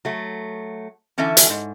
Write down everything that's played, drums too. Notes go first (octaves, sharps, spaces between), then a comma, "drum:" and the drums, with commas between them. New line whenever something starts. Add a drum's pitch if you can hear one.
F#3 A3
D3 E3 C#4 A4 E5 G#5
drum: hi-hat
G#2